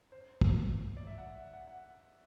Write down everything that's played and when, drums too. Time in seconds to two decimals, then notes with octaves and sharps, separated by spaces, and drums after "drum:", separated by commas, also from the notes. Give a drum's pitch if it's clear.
0.12 C5
0.41 drum: kick
0.97 D5
1.07 E5
1.18 F#5
1.53 F#5
1.67 F#5